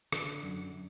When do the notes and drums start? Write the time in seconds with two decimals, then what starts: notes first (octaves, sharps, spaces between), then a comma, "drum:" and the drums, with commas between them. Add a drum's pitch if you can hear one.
0.13 D3, drum: rim click
0.43 F#2